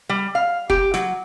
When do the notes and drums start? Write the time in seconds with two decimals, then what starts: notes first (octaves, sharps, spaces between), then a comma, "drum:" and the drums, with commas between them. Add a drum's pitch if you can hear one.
0.09 G3
0.35 F5
0.70 G4, drum: kick
0.94 F#3, drum: snare